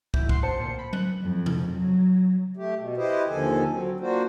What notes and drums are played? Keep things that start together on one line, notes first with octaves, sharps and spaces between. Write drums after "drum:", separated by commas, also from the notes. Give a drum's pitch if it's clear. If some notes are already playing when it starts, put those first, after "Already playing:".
B1 E3 E4 G6, drum: kick
F#5 C6, drum: kick
C5 A5 C#7
D2 A#2
B5
F#6, drum: tom F#3
F2
drum: tom C3
F#3
A3 G4
B2
E4 G4 B4 C5 D#5
D#2 D3 D#3 F3 A4 G#5
F#3 C4
A#3 D4 F4 F#4 C5